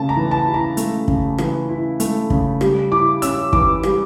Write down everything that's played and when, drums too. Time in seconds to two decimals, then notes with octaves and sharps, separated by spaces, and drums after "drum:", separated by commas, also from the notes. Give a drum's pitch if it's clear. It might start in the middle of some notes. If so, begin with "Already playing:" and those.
Already playing: C#3 A3 A5
0.09 A#5
0.17 E3
0.31 A5
0.46 E4
0.54 A#5
0.77 A3, drum: hi-hat
1.08 C#3, drum: kick
1.38 E3, drum: rim click
1.69 E4
2.00 A3, drum: hi-hat
2.30 C#3, drum: kick
2.61 G3, drum: rim click
2.92 E4 D6
3.22 C#4 E6, drum: hi-hat
3.53 E3 D6, drum: kick
3.83 G3, drum: rim click